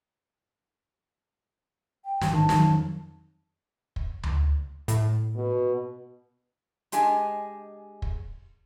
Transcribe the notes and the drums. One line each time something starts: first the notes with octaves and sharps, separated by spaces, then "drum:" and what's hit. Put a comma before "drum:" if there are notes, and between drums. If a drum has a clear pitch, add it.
G5
A1 G#2, drum: snare
D#3 A5
F2 D#3 F#3, drum: snare
drum: kick
drum: tom D2
A2, drum: hi-hat
B2
G#3 D4 G4 G#4 D#5 G#5, drum: hi-hat
drum: kick